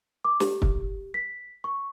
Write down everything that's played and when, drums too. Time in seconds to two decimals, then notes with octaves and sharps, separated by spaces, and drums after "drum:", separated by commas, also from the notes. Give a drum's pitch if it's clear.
0.25 D6
0.40 G4, drum: snare
0.62 drum: kick
1.14 B6
1.64 C#6